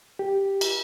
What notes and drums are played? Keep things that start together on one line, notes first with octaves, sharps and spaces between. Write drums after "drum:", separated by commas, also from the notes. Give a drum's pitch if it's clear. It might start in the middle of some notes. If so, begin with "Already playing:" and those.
G4
drum: cymbal